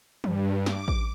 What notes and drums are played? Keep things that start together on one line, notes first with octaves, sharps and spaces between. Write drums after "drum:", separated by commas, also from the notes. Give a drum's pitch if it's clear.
G2, drum: tom
D6, drum: snare
drum: kick A1